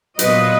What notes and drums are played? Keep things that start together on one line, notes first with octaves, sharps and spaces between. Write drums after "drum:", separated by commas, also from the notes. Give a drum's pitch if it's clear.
A#2 F#3 B3 B4 D#5, drum: hi-hat